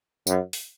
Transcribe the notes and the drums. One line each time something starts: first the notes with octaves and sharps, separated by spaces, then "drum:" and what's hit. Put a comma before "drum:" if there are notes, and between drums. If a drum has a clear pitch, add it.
F#2, drum: tambourine
drum: open hi-hat